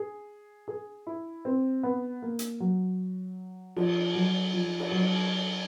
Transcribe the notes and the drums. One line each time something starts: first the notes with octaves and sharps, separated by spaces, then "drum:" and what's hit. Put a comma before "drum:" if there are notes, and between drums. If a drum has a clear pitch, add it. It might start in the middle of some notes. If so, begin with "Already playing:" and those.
Already playing: G#4
G#4
E4
C4
B3
A#3
drum: hi-hat
F#3
F3, drum: cymbal
F#3
F3
drum: cymbal
F#3